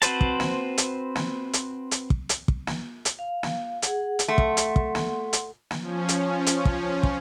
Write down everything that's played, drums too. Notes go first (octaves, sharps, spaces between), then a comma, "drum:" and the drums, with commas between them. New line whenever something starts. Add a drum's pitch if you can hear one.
C4 F#4 B4 C5 A5, drum: hi-hat
drum: kick
drum: snare
drum: hi-hat
drum: snare
drum: hi-hat
drum: hi-hat
drum: kick
drum: hi-hat
drum: kick
drum: snare
drum: hi-hat
F5
drum: snare
G#4 F#5, drum: hi-hat
drum: hi-hat
A3 F#5 C6
drum: kick
drum: hi-hat
drum: kick
drum: snare
drum: hi-hat
drum: snare
F3 C#4
drum: hi-hat
drum: hi-hat
drum: kick
drum: kick